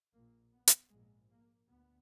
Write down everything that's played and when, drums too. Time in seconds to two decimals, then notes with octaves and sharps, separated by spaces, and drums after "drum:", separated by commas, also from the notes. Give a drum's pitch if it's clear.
0.13 A#1 A#2 A#3
0.52 B3
0.68 drum: hi-hat
0.90 A#1 G#2 G#3
1.30 A#3
1.69 D2 B3